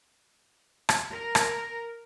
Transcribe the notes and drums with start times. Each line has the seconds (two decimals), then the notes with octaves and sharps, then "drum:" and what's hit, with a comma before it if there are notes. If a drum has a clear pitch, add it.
0.89 drum: rim click
1.12 A#4
1.35 drum: rim click